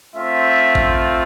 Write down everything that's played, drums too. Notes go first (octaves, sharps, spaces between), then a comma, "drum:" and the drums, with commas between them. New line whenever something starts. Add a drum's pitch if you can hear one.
A3 C4 F4 E5
drum: kick A1